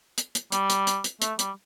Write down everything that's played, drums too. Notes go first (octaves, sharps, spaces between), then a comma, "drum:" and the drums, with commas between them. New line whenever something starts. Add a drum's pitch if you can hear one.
drum: hi-hat
drum: hi-hat
G3, drum: hi-hat
drum: hi-hat
drum: hi-hat
drum: hi-hat
A3, drum: hi-hat
G3, drum: hi-hat